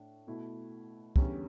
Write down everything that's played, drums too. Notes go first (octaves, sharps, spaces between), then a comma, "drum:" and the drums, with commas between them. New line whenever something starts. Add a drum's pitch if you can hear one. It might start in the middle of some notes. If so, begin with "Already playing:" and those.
Already playing: A2 D4
B2 A3 E4
E2 D3 G3 C#4, drum: kick